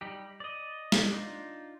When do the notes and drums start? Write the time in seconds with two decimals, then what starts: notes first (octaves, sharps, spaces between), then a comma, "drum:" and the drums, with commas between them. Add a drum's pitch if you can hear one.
0.01 G3 D#4 G4
0.40 D5 D#5
0.92 drum: snare
1.12 D4 D#4 F4